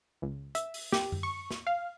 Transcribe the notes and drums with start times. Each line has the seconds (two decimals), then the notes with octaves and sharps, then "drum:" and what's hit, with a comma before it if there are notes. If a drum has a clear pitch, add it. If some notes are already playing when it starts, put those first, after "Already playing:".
0.22 C#2
0.55 E5, drum: hi-hat
0.74 drum: open hi-hat
0.92 G4, drum: snare
1.12 drum: tom F#2
1.23 C#6
1.51 drum: snare
1.67 F5